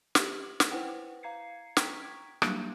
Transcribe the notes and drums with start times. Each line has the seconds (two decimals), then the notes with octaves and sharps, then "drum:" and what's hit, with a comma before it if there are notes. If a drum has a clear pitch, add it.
0.15 G4 F#7, drum: snare
0.60 drum: snare
0.71 E4 B4 C5 F#5 G5
1.23 F5 A#5 G#6 C7 C#7
1.77 G5 A#5 C#6 G#6 B6 D7, drum: snare
2.42 F#3 G3 A#3 D4, drum: rim click